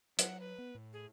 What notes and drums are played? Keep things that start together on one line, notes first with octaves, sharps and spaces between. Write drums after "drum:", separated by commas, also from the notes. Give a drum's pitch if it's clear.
F#3 F#5, drum: hi-hat
B4
B3
A2
G#4